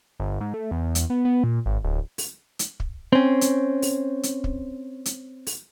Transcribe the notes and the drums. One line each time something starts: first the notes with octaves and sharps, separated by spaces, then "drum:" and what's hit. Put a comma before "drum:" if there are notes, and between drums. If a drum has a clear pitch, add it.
G1
G#2
A3
E2
drum: hi-hat
B3
B3
A#2
G#1
D1
drum: open hi-hat
drum: hi-hat
drum: kick
C4 C#4
drum: hi-hat
drum: open hi-hat
drum: hi-hat
drum: kick
drum: hi-hat
drum: open hi-hat